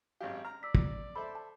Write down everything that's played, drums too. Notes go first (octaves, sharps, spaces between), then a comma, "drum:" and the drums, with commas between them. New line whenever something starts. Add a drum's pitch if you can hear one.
G#1 F#2 G4 F5
A#5 F6
D5 E6 B6
drum: kick
A4 C5 E5 B5
A5